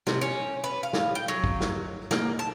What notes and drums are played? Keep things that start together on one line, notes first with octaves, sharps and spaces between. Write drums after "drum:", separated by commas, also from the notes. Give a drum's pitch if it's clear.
C3, drum: snare
C#4
B4
F5
drum: snare
G5
F#3
drum: kick
drum: snare
A#3, drum: snare
A5